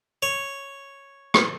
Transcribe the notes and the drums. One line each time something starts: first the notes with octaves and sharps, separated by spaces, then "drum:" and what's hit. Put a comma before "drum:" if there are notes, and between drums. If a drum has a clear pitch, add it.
C#5
drum: rim click